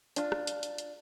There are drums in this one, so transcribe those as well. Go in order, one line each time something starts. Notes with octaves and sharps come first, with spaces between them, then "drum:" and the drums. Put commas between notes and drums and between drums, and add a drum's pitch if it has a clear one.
D4 F4, drum: hi-hat
drum: rim click
drum: hi-hat
drum: hi-hat
drum: hi-hat